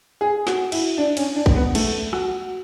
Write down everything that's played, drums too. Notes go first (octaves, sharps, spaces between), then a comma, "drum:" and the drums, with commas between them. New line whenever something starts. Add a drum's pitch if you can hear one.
G#4
F#4, drum: snare
E4, drum: cymbal
D4
C#4, drum: cymbal
D4
drum: kick
B3
A3, drum: cymbal
F#4, drum: rim click